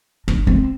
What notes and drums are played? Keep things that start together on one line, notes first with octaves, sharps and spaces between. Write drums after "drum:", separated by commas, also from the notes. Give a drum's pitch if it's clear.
D4, drum: kick
C4